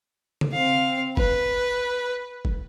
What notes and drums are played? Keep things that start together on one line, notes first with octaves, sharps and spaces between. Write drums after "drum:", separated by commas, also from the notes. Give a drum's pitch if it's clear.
drum: tom C#3
C4 F5
B4, drum: kick
drum: kick